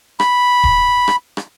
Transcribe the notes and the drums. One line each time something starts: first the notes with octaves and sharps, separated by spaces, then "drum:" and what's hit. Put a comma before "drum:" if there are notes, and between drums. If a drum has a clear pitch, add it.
B5, drum: rim click
drum: kick D#1
drum: rim click
drum: rim click